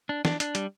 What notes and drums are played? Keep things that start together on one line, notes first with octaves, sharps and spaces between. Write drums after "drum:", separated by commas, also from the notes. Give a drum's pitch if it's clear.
D4
D4, drum: snare
D4, drum: hi-hat
G3, drum: hi-hat